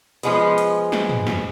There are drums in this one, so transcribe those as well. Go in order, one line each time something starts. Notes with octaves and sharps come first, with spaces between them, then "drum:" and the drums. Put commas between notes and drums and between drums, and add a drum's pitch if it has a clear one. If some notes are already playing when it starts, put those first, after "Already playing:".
F3 G#3 B3, drum: hi-hat
drum: hi-hat
drum: snare
drum: tom
drum: snare